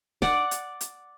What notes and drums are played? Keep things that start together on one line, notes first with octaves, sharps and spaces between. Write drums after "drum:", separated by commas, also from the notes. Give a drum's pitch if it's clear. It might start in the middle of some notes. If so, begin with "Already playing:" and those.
D5 F#5, drum: snare
drum: hi-hat
drum: hi-hat